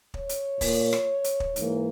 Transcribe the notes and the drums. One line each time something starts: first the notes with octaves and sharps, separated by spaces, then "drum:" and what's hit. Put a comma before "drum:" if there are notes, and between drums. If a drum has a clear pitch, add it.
C#5, drum: kick
drum: hi-hat
A#2 A#3, drum: kick, open hi-hat
drum: rim click
drum: hi-hat
drum: kick
G#2 E3 A#3, drum: hi-hat